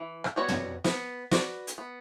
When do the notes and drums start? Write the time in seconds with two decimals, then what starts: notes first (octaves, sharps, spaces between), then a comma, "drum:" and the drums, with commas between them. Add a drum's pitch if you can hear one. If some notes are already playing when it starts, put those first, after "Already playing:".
Already playing: E3
0.24 drum: rim click
0.36 G3 B3 F#4 C#5
0.48 drum: tom
0.84 B3, drum: snare
1.31 F#4 B4 D5, drum: snare
1.67 drum: hi-hat
1.78 B3